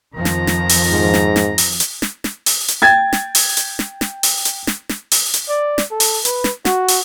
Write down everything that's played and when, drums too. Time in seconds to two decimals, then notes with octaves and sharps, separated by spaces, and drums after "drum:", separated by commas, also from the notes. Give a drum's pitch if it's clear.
0.15 F2 D#3 F3 A#5
0.25 drum: snare
0.47 drum: snare
0.69 drum: open hi-hat
0.92 G#2
1.14 drum: snare
1.36 drum: snare
1.58 drum: open hi-hat
1.80 drum: hi-hat
2.02 drum: snare
2.24 drum: snare
2.46 drum: open hi-hat
2.68 drum: hi-hat
2.82 G5 G#6 A6
3.13 drum: snare
3.35 drum: open hi-hat
3.57 drum: hi-hat
3.79 drum: snare
4.01 drum: snare
4.23 drum: open hi-hat
4.45 drum: hi-hat
4.67 drum: snare
4.89 drum: snare
5.11 drum: open hi-hat
5.34 drum: hi-hat
5.49 D5
5.78 drum: snare
5.91 A4
6.00 drum: open hi-hat
6.25 B4, drum: hi-hat
6.44 drum: snare
6.65 F#4, drum: snare
6.88 drum: open hi-hat